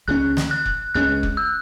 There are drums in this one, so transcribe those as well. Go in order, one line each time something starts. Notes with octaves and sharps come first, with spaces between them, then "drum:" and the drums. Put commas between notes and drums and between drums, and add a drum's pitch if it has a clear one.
C#2 C#3 G#3 C#4 F#6
drum: snare
F#6
drum: kick
C#2 C#3 G#3 C#4 F#6
drum: kick
E6